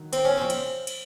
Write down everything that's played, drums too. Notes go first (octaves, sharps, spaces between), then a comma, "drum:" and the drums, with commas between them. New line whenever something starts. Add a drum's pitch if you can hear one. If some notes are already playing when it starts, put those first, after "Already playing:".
Already playing: D#3 F#3
C4, drum: cymbal
C#4
F3 C4
drum: cymbal
drum: cymbal